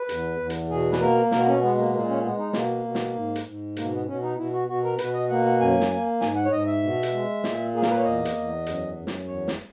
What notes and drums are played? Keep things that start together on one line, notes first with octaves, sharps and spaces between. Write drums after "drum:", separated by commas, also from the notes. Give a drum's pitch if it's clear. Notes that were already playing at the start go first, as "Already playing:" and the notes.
Already playing: B4
E2, drum: hi-hat
E2
drum: hi-hat
B2 G#4
B4, drum: snare
A#3 A#4
B2 A#4, drum: snare
B3
C#4
G#3 B3
A#3
B3
A#2 A#3
C#4
G#3 B3
D#4
B2 A#3, drum: snare
B2
drum: snare
G#2
drum: hi-hat
G#2
B2 A#3, drum: hi-hat
B3
B2 C#4
D#4
B2 E4
F#4
B2 F#4
A#4
B2 B4, drum: hi-hat
D#5
A#3 F#5
F#5
F#2 G#5
drum: snare
A#3
G#2 G#5, drum: snare
F#5
C#5
G#2 D#5
E5
B2
drum: hi-hat
G#3
A#2, drum: snare
A#3 G#4
A#4, drum: snare
B4
C#5
E2 D#5
drum: hi-hat
E2
F#2, drum: hi-hat
F#2
drum: snare
E2 C#5
drum: snare